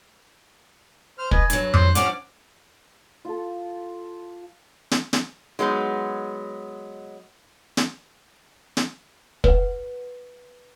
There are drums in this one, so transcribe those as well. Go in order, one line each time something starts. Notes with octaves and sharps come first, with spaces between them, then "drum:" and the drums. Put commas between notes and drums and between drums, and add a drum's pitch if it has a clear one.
C5 F6
B4 D#5 G#5, drum: kick
G2 F#3 F#6, drum: hi-hat
C5, drum: tom F2
F3 G3 C#4 D4 F#5 D6 F6, drum: hi-hat
F4 A4
drum: snare
drum: snare
F#3 G#3 B3 D#4
drum: snare
drum: snare
B4 F#5, drum: kick